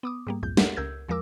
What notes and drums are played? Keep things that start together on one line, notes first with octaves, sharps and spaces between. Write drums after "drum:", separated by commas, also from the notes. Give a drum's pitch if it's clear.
B3 D6 D#6
G#2 G3 A#3
C2 F2 G#2 G6
G4 A4 A#4 E5 F#5, drum: snare
C#2 A#4 E6 G6 G#6
E2 F3 G#3 A#4 D6 E6